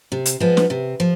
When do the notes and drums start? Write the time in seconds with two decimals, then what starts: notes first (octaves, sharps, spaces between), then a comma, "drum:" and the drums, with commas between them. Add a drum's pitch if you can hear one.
0.12 C3
0.26 drum: hi-hat
0.40 F3 G#3 B3
0.57 drum: snare
0.70 C3
1.00 F3